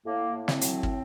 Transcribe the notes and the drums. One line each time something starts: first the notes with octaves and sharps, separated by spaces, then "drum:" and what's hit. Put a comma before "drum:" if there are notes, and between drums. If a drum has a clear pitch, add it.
A2 A#3
A2
C4, drum: snare
F#3, drum: hi-hat
drum: kick